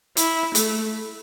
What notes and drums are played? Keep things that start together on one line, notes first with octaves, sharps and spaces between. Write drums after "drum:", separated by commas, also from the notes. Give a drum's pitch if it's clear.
E4, drum: hi-hat
A3, drum: hi-hat